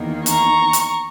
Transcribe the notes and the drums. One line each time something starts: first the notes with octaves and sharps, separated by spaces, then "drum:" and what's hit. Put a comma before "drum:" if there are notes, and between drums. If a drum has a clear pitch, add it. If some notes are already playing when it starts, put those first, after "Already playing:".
Already playing: E2 D#3 A#3 D#4
A#5 C#6, drum: hi-hat
drum: hi-hat